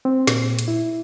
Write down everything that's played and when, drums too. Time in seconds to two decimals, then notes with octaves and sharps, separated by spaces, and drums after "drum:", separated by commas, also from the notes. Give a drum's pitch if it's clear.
0.05 C4
0.27 A#2, drum: snare
0.59 drum: hi-hat
0.68 E4